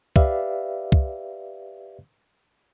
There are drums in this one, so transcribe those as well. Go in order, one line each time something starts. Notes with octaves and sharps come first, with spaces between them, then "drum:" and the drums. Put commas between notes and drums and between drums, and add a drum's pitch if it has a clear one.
G4 B4 D5 E5 F5, drum: kick
drum: kick